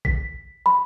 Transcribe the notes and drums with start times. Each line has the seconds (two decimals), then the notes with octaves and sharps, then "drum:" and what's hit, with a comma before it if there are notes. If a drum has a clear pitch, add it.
0.05 B6, drum: kick A1
0.66 B5